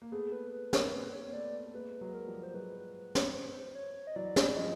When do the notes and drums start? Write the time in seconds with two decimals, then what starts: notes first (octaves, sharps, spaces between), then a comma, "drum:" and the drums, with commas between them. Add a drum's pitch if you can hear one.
0.02 A#3
0.12 A3 B3 G#4
0.32 B4
0.53 B4
0.73 A#4, drum: snare
0.93 A#3 C4 B4
1.13 C#5
1.26 C4
1.33 A3 B3 D5
1.66 A3
1.74 G#3 A#3 B4
2.01 F#3 G#3
2.14 A#4
2.27 F3 G3
2.43 C5
2.54 F#3 G#3 B4
3.15 drum: snare
3.35 C5
3.75 C#5
4.07 D#5
4.16 E3 F#3 D5
4.36 drum: snare
4.51 G#3
4.57 F3 G3 D#5